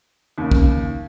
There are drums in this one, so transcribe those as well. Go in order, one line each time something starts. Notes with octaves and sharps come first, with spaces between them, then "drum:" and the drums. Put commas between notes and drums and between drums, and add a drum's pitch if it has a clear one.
D#2 C#3
drum: kick